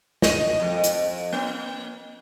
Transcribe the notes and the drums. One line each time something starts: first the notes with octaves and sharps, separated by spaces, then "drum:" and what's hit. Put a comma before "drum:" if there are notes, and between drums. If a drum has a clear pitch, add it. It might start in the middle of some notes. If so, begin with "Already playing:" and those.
D#5, drum: snare
F2
drum: hi-hat
A#3